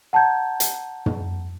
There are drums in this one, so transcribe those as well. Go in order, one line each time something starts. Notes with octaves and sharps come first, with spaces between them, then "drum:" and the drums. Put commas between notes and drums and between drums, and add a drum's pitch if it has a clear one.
F#5 A5 A#5 G6 G#6
drum: hi-hat
drum: tom